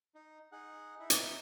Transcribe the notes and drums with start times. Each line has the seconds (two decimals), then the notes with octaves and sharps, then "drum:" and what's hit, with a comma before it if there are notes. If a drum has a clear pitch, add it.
0.15 D#4
0.52 D#4 G#4 F#5
1.00 D#4 E4
1.10 drum: hi-hat